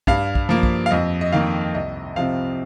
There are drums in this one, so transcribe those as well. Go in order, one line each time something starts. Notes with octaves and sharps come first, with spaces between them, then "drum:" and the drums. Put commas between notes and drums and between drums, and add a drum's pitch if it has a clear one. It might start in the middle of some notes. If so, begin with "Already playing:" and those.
G2 F5, drum: kick
drum: kick
F3 A#3
drum: kick
F5
F2 D#5
D#5
D#3 A#3 F5
C2 D#5
C3 F3 C4 F5